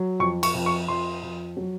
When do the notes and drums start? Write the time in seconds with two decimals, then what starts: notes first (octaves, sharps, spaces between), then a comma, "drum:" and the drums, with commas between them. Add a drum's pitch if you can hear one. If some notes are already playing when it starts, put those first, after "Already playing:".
Already playing: F#3
0.20 F2 C#6
0.43 C#6, drum: cymbal
0.54 F2
0.66 C#6
0.88 F2 C6
1.23 F2
1.57 F#3